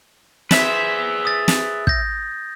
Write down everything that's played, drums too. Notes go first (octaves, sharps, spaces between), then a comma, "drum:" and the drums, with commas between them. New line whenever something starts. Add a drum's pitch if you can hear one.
G#4 B4 C5 E5, drum: snare
D#6 A6
drum: snare
G6 A#6, drum: kick